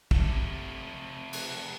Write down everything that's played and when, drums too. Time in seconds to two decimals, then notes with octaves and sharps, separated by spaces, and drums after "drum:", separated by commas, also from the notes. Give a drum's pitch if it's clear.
0.11 C3 A3, drum: kick
1.33 drum: cymbal